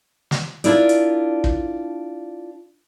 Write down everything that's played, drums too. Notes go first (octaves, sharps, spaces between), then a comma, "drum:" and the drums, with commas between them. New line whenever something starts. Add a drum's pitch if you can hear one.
drum: snare
D4 E4 F4 A#4 D5, drum: hi-hat
drum: hi-hat
drum: kick